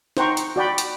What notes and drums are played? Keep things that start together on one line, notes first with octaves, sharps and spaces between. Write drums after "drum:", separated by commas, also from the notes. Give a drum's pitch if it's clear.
D#4 C5 F#5 G5 A#5 C#6, drum: snare
drum: hi-hat
F#4 D5 G5 B5
drum: hi-hat